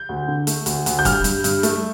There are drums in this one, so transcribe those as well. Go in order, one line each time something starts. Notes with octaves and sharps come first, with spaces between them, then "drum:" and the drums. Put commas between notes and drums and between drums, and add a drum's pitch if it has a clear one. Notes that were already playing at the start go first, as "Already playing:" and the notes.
Already playing: G6
D2
D3
A3, drum: hi-hat
D2, drum: hi-hat
D2, drum: hi-hat
G6
G2 F6, drum: kick, hi-hat
G2, drum: hi-hat
G2, drum: hi-hat
A3, drum: hi-hat